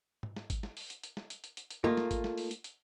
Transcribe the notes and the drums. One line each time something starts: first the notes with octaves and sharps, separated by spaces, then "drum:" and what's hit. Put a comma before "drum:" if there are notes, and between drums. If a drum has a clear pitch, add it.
drum: tom G#2
drum: snare
drum: kick G#1, hi-hat
drum: snare
drum: open hi-hat
drum: hi-hat
drum: hi-hat
drum: snare
drum: hi-hat
drum: hi-hat
drum: hi-hat
drum: hi-hat
A3 A#3 D#4 F4, drum: tom
drum: snare
drum: kick G#1, hi-hat
drum: snare
drum: open hi-hat
drum: hi-hat
drum: hi-hat